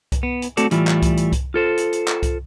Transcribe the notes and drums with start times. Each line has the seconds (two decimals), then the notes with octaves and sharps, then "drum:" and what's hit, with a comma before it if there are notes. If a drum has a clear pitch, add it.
0.12 drum: kick C2, hi-hat
0.23 B3
0.42 drum: hi-hat
0.57 A3 C4 F#4 A4 D5, drum: hi-hat
0.71 A2 E3 G3 E4 F4, drum: hi-hat
0.87 drum: clap
1.02 drum: kick C2, hi-hat
1.17 drum: hi-hat
1.32 drum: kick C2, hi-hat
1.54 F4 A4 C5
1.77 drum: hi-hat
1.93 drum: hi-hat
2.08 drum: clap
2.23 drum: kick C2, hi-hat